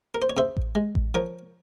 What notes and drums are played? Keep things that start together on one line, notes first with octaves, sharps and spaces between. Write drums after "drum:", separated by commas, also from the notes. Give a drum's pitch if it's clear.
A#4
C5
C#5
C#3 C5 E5
drum: kick A1
G#3
drum: kick A1
F3 A#4 C#5